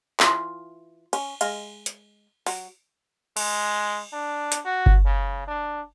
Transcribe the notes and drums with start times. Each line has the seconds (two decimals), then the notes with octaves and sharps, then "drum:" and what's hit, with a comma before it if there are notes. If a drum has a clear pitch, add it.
0.20 E3 F4, drum: clap
1.13 C#4, drum: cymbal
1.41 G#3 D#5 F5, drum: cymbal
1.86 drum: hi-hat
2.46 F#3, drum: open hi-hat
3.37 G#3, drum: cymbal
4.13 D4
4.52 drum: hi-hat
4.65 F#4
4.86 drum: kick G1
5.06 C#3
5.48 D4